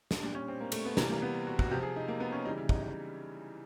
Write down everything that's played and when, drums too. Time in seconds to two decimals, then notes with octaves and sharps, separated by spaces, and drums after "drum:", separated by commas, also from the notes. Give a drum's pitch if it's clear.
0.11 drum: snare
0.23 A#2 G3 D4
0.35 C#4
0.48 C4
0.60 A#3
0.72 A3, drum: cymbal
0.85 B3
0.97 C3 E3 G3 A#3, drum: snare
1.10 A#3
1.22 B3
1.47 F#4
1.59 F#4, drum: kick
1.71 C3 F3 G4
1.83 G#4
1.96 D#4
2.08 A#3
2.20 B3
2.32 C#4
2.45 C#3 E3 G3 D#4
2.58 E4
2.69 D#4, drum: kick
2.83 D#4